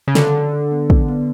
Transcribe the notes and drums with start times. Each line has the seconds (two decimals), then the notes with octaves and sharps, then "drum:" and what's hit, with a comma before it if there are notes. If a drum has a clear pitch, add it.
0.08 C#3
0.15 D3 A4, drum: snare
0.35 A4
0.53 A4
0.72 B3
0.90 B3, drum: kick
1.08 B3